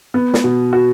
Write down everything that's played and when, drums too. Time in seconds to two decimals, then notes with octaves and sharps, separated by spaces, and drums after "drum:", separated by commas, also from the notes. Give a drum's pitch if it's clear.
0.14 B3
0.34 drum: snare
0.44 B2
0.73 F#4